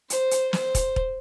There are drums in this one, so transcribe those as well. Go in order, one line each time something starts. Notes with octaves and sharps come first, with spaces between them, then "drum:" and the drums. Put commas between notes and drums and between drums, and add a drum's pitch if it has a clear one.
C5, drum: hi-hat
drum: hi-hat
C5, drum: snare
drum: kick, hi-hat
drum: kick